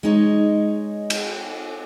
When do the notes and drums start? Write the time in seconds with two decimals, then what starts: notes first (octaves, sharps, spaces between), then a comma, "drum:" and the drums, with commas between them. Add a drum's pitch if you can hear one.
0.03 G#3 D#4 C#5
1.10 drum: cymbal